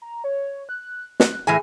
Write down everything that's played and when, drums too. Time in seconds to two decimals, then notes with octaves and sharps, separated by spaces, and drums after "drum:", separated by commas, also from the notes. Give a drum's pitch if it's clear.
0.02 A#5
0.24 C#5
0.69 F#6
1.20 F#6, drum: snare
1.47 A2 E3 G#4 G#5